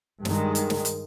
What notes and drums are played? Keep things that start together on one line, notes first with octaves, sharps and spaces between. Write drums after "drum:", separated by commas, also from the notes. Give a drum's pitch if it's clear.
G2 D#3 G#3, drum: snare
drum: hi-hat
drum: snare
drum: hi-hat